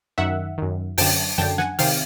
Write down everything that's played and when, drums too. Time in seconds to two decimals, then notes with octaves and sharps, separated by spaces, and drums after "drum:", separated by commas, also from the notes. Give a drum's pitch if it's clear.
0.18 F#2 D#3 E5 F#5
0.58 F#2 D#3
0.98 F#2 D3 G5 A5, drum: open hi-hat
1.38 F#2 D3 G5 A5, drum: snare
1.58 F#5 G#5, drum: snare
1.79 C3 D#3 F5 G5, drum: open hi-hat